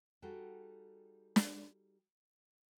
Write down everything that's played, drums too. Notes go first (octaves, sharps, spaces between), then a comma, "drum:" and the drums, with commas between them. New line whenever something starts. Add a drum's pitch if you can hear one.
G3 D#4 F#4 G#4 A4 G5
drum: snare